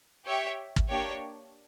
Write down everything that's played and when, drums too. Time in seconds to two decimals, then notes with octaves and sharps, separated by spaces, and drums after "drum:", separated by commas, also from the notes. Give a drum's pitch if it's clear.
0.25 G4 C#5 E5 G5
0.76 drum: kick
0.88 A#3 D4 G4 C#5 G5